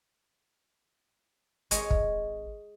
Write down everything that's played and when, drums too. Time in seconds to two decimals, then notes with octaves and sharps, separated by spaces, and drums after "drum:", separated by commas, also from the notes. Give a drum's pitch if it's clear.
1.71 G#1 G#3 C#5, drum: hi-hat
1.90 drum: kick